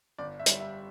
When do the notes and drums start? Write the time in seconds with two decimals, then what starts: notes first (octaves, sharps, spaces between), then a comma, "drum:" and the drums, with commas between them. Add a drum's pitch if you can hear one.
0.18 G1 D5
0.39 E5
0.46 G3, drum: hi-hat
0.60 E5